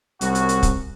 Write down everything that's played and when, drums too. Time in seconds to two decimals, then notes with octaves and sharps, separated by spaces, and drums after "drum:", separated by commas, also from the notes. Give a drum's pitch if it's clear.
0.21 C2 F#2 F#4, drum: hi-hat
0.35 drum: hi-hat
0.49 drum: hi-hat
0.63 drum: kick, hi-hat